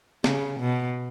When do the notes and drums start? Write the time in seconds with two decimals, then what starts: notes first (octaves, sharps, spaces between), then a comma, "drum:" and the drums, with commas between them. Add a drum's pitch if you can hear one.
0.24 C#3, drum: snare
0.60 B2